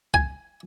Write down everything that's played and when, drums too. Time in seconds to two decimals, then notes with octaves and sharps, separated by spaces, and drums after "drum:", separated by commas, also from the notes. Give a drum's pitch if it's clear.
0.14 G#5, drum: kick